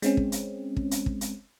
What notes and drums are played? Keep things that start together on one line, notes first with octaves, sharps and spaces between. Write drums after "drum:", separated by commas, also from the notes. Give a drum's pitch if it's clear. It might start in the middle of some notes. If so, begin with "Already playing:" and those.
G#3 C4 C#4, drum: hi-hat
drum: kick
drum: hi-hat
drum: kick
drum: hi-hat
drum: kick
drum: hi-hat